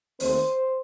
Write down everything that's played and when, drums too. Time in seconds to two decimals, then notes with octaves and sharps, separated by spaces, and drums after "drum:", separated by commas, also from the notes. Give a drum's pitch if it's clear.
0.20 D#2 D#3 A3 C4 C5, drum: open hi-hat